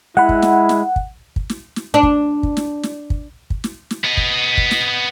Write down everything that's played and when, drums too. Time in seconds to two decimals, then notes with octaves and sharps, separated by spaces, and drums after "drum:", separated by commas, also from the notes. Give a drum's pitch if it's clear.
0.17 G#3 E4 F#5 B5
0.29 drum: kick
0.42 drum: snare
0.69 drum: snare
0.96 drum: kick
1.36 drum: kick
1.49 drum: snare
1.76 drum: snare
1.94 D4
2.03 drum: kick
2.43 drum: kick
2.57 drum: snare
2.83 drum: snare
3.10 drum: kick
3.50 drum: kick
3.64 drum: snare
3.91 drum: snare
4.04 B3 D#5
4.17 drum: kick
4.57 drum: kick
4.71 drum: snare